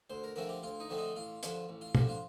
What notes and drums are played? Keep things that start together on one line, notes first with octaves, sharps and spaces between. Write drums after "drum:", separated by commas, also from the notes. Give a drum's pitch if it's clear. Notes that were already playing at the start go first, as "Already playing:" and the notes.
D2 C5
A#4
D3 F3 A3 C4 A#4
G4
D2 F4
D#4
D3 F3 A3 C4
D#4
A1 F4
G2 D3 F3, drum: hi-hat
A1
F4
G2 D3 F3 G4, drum: tom
F4